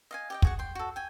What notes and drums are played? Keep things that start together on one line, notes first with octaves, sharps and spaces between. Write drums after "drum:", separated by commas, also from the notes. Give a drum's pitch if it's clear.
D#5 F5 G#5
G4 D#5 G5
F#4 G#4 F#5, drum: kick
G5 C6
F#4 A4
G5 G#5